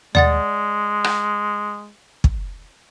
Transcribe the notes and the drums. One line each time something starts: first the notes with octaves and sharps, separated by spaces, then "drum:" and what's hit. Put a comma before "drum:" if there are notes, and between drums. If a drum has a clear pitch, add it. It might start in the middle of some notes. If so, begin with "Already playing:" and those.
G#3 D5 F#5 A6, drum: tom D#2
drum: rim click
drum: kick